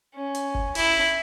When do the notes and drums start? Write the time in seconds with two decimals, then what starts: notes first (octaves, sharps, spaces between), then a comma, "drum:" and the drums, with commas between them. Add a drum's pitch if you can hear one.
0.15 C#4
0.35 drum: hi-hat
0.55 drum: kick
0.75 E4, drum: open hi-hat